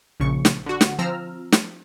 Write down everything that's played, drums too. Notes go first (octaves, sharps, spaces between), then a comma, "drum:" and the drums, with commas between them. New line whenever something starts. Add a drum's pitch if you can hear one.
A#1 C#3 C#6
drum: snare
D3 F#4
drum: snare
F3 C4 A#5 E6 F6
drum: snare